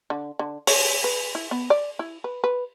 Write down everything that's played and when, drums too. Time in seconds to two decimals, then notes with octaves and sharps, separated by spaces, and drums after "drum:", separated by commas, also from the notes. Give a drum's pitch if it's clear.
0.10 D3
0.39 D3
0.67 C#5, drum: open hi-hat
1.04 B4
1.35 E4
1.51 B3
1.70 D5
1.99 E4
2.24 B4
2.44 B4